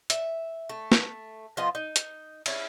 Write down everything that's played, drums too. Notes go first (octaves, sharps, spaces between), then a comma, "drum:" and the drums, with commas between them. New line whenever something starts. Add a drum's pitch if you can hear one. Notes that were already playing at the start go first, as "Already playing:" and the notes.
E5, drum: hi-hat
A3
drum: snare
F3 B3 F4 D#5
D#4
drum: hi-hat
C#4 E4, drum: cymbal